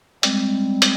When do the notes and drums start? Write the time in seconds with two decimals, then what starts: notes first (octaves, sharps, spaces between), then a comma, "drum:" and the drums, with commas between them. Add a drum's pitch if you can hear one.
0.23 G3 G#3 C4, drum: hi-hat
0.82 drum: hi-hat